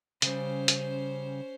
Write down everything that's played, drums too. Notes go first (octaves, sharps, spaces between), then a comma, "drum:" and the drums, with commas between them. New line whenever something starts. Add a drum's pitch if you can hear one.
C#3 G3 C#4 C5, drum: hi-hat
drum: hi-hat